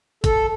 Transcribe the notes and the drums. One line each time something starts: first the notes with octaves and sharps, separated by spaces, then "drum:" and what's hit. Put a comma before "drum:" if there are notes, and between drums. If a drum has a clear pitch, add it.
A4, drum: kick, hi-hat